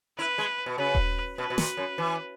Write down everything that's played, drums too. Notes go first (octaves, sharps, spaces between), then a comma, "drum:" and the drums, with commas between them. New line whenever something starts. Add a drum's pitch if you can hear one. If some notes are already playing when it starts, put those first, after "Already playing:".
E4 B4
G#3
B2
C#3 B4
drum: kick D#1
B2 B4
B2
A#2, drum: snare
F#2
E3